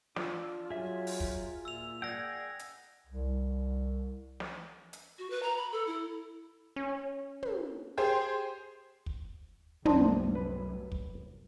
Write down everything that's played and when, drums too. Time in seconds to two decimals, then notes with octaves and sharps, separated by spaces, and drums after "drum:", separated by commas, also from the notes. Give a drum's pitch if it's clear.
0.16 D4 F4 D6 E6, drum: snare
0.70 F#3 G#4 E5
1.07 drum: open hi-hat
1.20 drum: kick
1.65 A#2 E6 F7
2.02 G#4 D5 F#5 G5 E6 A#6
2.59 drum: hi-hat
3.07 C2
4.40 drum: snare
4.93 drum: hi-hat
5.19 F#4
5.30 B4
5.43 A#5
5.57 B5
5.72 A4
5.87 E4
6.76 C#4
7.43 drum: tom
7.97 G4 G#4 C5
9.06 drum: kick
9.85 C2 F#2 A2 D4 C5, drum: tom
10.35 B4
10.92 drum: kick